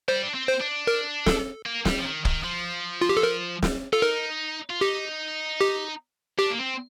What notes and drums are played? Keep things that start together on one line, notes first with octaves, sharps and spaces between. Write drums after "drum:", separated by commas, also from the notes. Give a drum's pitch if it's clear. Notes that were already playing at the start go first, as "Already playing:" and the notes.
G3 C5
D4
C4
C5
D4
A#4
A4, drum: snare
A#3
G3, drum: snare
F3
D#3
D#3, drum: kick
F3
F4
G4
A4
A#4
drum: snare
F4 A4
D#4 A#4
F4
D#4 G4
G4
D4 G4
A#3
C4